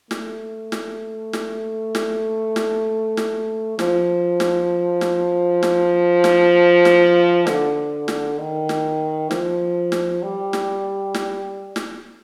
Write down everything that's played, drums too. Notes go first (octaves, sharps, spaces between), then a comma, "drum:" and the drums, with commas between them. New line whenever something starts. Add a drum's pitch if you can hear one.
A3, drum: snare
drum: snare
drum: snare
drum: snare
drum: snare
drum: snare
F3, drum: snare
drum: snare
drum: snare
drum: snare
drum: snare
drum: snare
D3, drum: snare
drum: snare
D#3
drum: snare
F3, drum: snare
drum: snare
G3
drum: snare
drum: snare
drum: snare